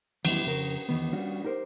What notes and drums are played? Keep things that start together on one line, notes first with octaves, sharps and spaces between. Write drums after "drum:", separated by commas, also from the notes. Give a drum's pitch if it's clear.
E2 D#3 F#3 G3 B3 E4, drum: cymbal
F2 C#3 A#4
E2 G2 D#3 B3
G3 C#4 D4 F4 F#4
D#4 G4 A#4 C5